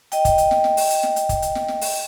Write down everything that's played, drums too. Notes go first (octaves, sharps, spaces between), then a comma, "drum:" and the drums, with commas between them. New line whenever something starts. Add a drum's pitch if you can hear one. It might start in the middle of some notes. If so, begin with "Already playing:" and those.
D#5 G5, drum: hi-hat
drum: kick, hi-hat
drum: hi-hat
drum: snare
drum: snare
drum: open hi-hat
drum: hi-hat
drum: snare
drum: hi-hat
drum: kick, hi-hat
drum: hi-hat
drum: snare
drum: snare
drum: open hi-hat